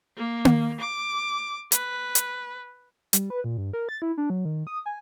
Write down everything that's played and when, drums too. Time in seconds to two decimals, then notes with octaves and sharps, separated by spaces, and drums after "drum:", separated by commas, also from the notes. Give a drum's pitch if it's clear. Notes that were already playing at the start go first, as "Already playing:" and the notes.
0.17 A#3
0.45 drum: tom A#3
0.80 D6
1.72 B4, drum: hi-hat
2.15 drum: hi-hat
3.13 G3, drum: hi-hat
3.30 B4
3.44 A#2
3.58 G2
3.73 A#4
3.89 A6
4.02 E4
4.18 D4
4.30 F#3
4.45 D#3
4.67 D#6
4.86 G#5